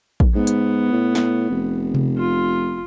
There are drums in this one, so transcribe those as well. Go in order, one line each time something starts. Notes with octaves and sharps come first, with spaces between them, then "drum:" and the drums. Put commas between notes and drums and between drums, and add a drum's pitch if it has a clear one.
drum: kick A#1
G#2 B3
drum: hi-hat
A2
drum: snare
F1
drum: tom C3
F4